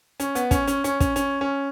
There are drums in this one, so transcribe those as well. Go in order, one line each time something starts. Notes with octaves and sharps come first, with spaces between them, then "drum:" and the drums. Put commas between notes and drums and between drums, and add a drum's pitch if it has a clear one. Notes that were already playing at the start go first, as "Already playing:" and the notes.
C#4, drum: hi-hat
B3, drum: hi-hat
C#4, drum: kick, hi-hat
C#4, drum: hi-hat
C#4, drum: hi-hat
C#4, drum: kick, hi-hat
C#4, drum: hi-hat
C#4